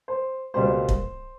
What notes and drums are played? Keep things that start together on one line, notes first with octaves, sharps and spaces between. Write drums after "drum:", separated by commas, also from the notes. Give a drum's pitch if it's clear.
C5
C#2 B2 G3 A#3 C5
drum: kick